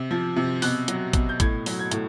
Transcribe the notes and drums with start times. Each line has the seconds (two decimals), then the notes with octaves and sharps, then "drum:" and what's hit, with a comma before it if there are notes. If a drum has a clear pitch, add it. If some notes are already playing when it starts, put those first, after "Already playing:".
Already playing: C3
0.11 F3
0.36 C3
0.62 B2 F#6, drum: open hi-hat
0.88 F#3, drum: hi-hat
1.13 B2, drum: kick, hi-hat
1.29 G6
1.40 A2 G#6, drum: kick, hi-hat
1.66 F#3, drum: open hi-hat
1.79 G#6
1.91 A2, drum: hi-hat